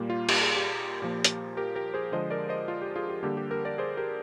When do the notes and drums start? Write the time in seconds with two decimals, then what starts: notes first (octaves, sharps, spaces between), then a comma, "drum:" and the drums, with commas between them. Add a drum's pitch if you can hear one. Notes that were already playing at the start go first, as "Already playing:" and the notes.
Already playing: A#2 G3 A#3
0.10 F4
0.29 G4, drum: cymbal
0.42 G#4
0.56 G4
1.02 A#2 F3 A#3
1.24 drum: hi-hat
1.57 G4 A#4
1.76 G4 A#4
1.94 G#4 C5
2.12 D3 F3 G#3 C5 D#5
2.30 A#4 D5
2.49 C5 D#5
2.68 F4
2.82 G4
2.96 F4 G#4
3.09 G4
3.23 D3 G3 A#3 G4
3.37 G4
3.50 G4 A#4
3.65 A#4 D5
3.78 G#4 C5
3.97 G4 A#4